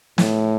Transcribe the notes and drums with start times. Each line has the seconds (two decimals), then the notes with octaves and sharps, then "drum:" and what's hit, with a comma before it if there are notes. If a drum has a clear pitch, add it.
0.18 A2, drum: snare